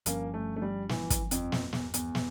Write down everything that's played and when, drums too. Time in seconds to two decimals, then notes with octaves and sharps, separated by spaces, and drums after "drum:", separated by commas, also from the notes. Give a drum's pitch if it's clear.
0.06 G1 G2 F3 A#3 C#4, drum: hi-hat
0.34 A3
0.56 A3
0.62 G3
0.89 E3, drum: snare
1.10 drum: kick, hi-hat
1.31 F2, drum: hi-hat
1.52 drum: snare
1.73 E2, drum: snare
1.94 E2, drum: hi-hat
2.15 drum: snare